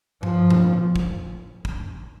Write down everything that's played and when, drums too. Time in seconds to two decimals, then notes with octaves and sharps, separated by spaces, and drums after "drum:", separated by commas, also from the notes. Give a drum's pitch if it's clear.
0.23 F3, drum: tom G2
0.50 drum: tom A2
0.96 drum: kick
1.65 drum: kick